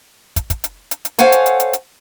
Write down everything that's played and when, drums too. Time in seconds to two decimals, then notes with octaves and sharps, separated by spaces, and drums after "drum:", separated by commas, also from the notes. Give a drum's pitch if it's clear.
0.36 drum: kick, hi-hat
0.50 drum: kick, hi-hat
0.64 drum: hi-hat
0.91 drum: hi-hat
1.05 drum: hi-hat
1.19 A4 C5 C#5 F5 F#5 G#5, drum: hi-hat
1.32 drum: hi-hat
1.46 drum: hi-hat
1.60 drum: hi-hat
1.73 drum: hi-hat